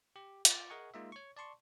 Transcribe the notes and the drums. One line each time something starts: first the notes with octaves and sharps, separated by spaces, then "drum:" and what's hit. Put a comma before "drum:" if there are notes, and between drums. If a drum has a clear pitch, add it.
G4
F4 D6 A6, drum: hi-hat
G#4 A#4 D#5 F#5 G#5 C#6
G#3 A#3 D#4 F4 D#5 E5
C#5 C#6
D5 A5 C6 C#6